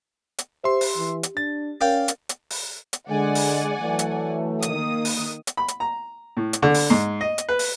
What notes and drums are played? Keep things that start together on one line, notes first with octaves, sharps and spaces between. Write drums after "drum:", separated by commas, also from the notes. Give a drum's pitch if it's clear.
drum: hi-hat
G4 C5 E5 C6
drum: open hi-hat
E3
drum: hi-hat
D4 A6
C#4 A#4 D5 F5 G5
drum: hi-hat
drum: hi-hat
drum: open hi-hat
drum: hi-hat
D3 G#3 D5 F#5 G#5
drum: open hi-hat
E3 F#3 A3
drum: hi-hat
D#3 A#3 D#6, drum: hi-hat
drum: open hi-hat
drum: hi-hat
B5
drum: hi-hat
A#5
A2
drum: hi-hat
D3
drum: open hi-hat
G#2
D#5
drum: hi-hat
B4
drum: open hi-hat